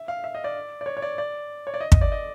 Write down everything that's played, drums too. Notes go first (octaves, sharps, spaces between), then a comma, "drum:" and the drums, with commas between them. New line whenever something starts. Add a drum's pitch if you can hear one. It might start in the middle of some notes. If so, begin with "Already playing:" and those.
Already playing: E5
F5
E5
D#5
D5
D5
C#5
C#5
D5
D5
C#5
D5
D#5
D#5, drum: kick
D5
D#5